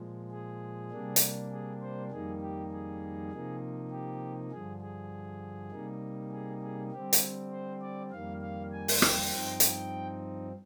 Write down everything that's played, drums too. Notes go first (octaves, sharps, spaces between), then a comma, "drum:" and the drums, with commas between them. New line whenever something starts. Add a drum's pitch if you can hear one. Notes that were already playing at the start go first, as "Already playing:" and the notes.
Already playing: A#2 F3 G#3
G#4
C3 G3 A#3 D4
drum: hi-hat
G#4
C5
F2 D#3 G3 A#3 D#4 G#4
G4
G#4
C3 F3 A#3 D#4
G4
G2 D3 F3 G#4
G#4
C3 G3 A#3 D#4
G#4
G#4
D3 G3 C4 G4
drum: hi-hat
C5
D5
F2 D#3 G3 A#3 F5
F5
G#5
drum: open hi-hat
G5, drum: rim click
G2 F3 C4 D#4
drum: hi-hat